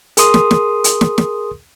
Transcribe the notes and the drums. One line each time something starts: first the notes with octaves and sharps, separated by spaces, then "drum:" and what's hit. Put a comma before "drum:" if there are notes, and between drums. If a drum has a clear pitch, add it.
G#4 A#4 C6 D#6, drum: hi-hat
drum: snare
drum: snare
drum: hi-hat
drum: snare
drum: snare